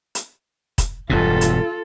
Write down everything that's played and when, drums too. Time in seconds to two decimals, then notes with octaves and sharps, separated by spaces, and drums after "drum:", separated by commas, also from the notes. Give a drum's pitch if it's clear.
0.15 drum: hi-hat
0.78 drum: kick, hi-hat
1.10 E1 G2 B2 F4 A4
1.41 drum: hi-hat